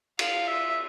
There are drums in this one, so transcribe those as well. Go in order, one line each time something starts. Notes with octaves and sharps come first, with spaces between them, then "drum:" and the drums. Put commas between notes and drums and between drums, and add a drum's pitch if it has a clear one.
F5, drum: cymbal
E5